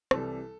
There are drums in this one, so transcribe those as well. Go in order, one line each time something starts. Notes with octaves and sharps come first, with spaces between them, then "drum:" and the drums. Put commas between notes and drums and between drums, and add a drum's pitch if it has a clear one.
C2 C3 E3 G3 A4, drum: rim click